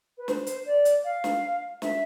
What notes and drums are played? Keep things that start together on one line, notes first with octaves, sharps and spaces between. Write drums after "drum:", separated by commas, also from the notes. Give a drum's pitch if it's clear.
B4
C5, drum: snare
drum: hi-hat
D5
drum: hi-hat
F5
drum: snare
E5, drum: snare